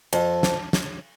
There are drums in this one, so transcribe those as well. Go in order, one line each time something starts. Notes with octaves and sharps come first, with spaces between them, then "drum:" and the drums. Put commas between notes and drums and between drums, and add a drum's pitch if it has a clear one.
F2, drum: cymbal
drum: snare
drum: snare